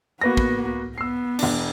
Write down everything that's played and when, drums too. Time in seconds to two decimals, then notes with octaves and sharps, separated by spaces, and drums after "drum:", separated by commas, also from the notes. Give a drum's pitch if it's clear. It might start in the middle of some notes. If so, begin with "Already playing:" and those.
0.21 A#3 B3 F#4 B4 A#6
0.37 drum: kick
0.98 B3 E6 C7
1.39 E1 D4, drum: cymbal